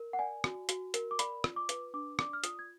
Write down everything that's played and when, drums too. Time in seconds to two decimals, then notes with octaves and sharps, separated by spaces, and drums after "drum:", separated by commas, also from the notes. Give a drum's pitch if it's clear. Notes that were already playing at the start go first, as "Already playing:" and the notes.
Already playing: A#4
0.13 F#5
0.19 D5 G#5
0.44 F#4, drum: rim click
0.69 F#4, drum: hi-hat
0.94 A#4, drum: hi-hat
1.11 D6
1.19 D5 B5, drum: hi-hat
1.44 F4, drum: rim click
1.56 D6
1.69 B4, drum: hi-hat
1.94 D4 D6
2.19 D5 D6, drum: rim click
2.33 F6
2.44 F4 D#6, drum: hi-hat
2.59 G#6